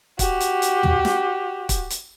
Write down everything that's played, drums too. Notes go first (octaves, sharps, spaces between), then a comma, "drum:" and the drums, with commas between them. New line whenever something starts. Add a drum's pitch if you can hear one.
F#4 G4, drum: kick, hi-hat
drum: hi-hat
drum: hi-hat
drum: tom
drum: snare
drum: kick, hi-hat
drum: hi-hat